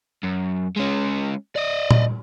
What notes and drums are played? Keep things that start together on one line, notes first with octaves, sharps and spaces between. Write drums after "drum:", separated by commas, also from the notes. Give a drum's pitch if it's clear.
F#2
G#3 C#4
D5 D#5
drum: tom A#2